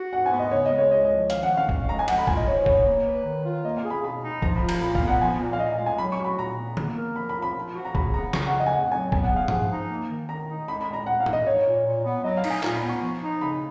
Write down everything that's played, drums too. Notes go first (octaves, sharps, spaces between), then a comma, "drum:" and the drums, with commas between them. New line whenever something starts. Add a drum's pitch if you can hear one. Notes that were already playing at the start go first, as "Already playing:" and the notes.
Already playing: F#4
G#2 F#5
G#5
B3
D#5
C#3 C#5
D#5
G#3
C#5
C#2 D#5
D#5
F3
D#3 F5, drum: hi-hat
F#5
C#4
F5
F2, drum: kick
G#3 A#5
G#5
F3 F#5, drum: cymbal
B5
F4 G#5, drum: kick
D#5
G#2 C#5
B3 C#5, drum: kick
A#3
B4
D#3
F4
A#3 D#5
F5
G#4
B5
B2 B5
D#4
F3 A#5, drum: kick
B5
F4
A#5, drum: cymbal
A#2 B5
F5, drum: kick
B3
F#5
F3 G#5
A#2
F5
A#2 D#5
G#3
G#5
F#3 B5
C#6
F#4
B5
A#2 A#5
B3
A#3, drum: tom D3
A#4
F3 B5
B5
F4
B5
F3
F#4
A#5
C#3 B5, drum: kick
B3 A#5
C#3 C#6, drum: snare
F#5
F2
D#5
G#5
F2 F#5
F#3 G#5
B3 G#5, drum: kick
F#5
G#4 F5
F3 F#5, drum: tom G2
D#4
A#3
D#3
D#3 A#5
D#4
G#3 B5
B5
A#2
A#5
A#2 F#5
F5
D#4, drum: tom G#2
D#5
F3 C#5
A#2
A#2
B3
F#3 D#5
F5
D#4, drum: cymbal
G#5
A#2 A#5, drum: clap
B5
B3
C#6
F3
D#4
C#3 B5